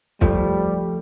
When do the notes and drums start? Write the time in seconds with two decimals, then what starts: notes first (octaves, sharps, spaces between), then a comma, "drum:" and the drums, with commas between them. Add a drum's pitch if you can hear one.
0.21 C#3 F3 G3 A3, drum: kick